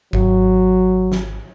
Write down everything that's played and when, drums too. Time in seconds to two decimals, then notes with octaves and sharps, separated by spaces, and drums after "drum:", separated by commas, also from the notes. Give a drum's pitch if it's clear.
0.13 G#1 F#3, drum: kick G1
1.12 drum: snare